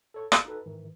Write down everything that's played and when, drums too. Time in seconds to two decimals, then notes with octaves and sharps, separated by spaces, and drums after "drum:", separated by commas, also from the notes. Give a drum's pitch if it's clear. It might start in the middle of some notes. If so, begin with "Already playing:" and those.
0.14 A4 C#5 C#6
0.32 G1, drum: rim click
0.45 D#4 F#4 A4 B4
0.66 G#2 D#3 E3